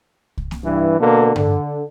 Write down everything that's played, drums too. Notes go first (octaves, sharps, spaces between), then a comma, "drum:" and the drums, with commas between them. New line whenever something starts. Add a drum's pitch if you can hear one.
drum: kick C2
drum: snare A#3
G2 E3
B2 D3 A#3
D3, drum: tom G2